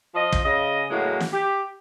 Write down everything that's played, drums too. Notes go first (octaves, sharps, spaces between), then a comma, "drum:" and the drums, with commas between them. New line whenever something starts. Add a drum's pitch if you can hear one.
F3 D#5
drum: kick
C#3 D#5
A2 C#3 F#3 G#3 A#3 B3
drum: snare
G4